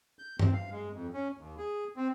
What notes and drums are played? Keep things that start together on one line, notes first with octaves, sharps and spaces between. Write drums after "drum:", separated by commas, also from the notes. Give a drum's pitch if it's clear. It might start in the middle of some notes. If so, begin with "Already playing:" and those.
G6
C4, drum: tom G2
F5
G#3
F2
C#4
D#2
G#4
C4